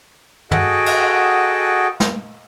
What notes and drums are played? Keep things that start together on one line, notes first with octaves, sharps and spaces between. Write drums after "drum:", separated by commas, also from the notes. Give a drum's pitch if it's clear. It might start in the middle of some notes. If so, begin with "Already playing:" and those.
F#4 G#4 A4 D#5 F#5 G5, drum: tom
drum: cymbal
drum: snare